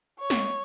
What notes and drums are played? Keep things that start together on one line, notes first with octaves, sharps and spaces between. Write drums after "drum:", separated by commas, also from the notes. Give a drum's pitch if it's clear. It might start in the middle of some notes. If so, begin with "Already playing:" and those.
C#5
drum: snare